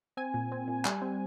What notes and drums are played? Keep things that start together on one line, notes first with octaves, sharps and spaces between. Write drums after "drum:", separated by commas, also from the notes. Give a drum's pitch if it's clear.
C4 G#5
A#2
C4
A#2
G3, drum: clap
C4